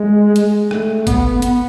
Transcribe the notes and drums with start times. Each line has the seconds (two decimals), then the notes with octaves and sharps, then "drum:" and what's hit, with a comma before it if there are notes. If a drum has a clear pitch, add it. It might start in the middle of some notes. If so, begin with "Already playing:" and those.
Already playing: G#3
0.36 G#3, drum: hi-hat
0.71 A3, drum: rim click
1.07 B3, drum: kick G1, hi-hat
1.42 B3, drum: hi-hat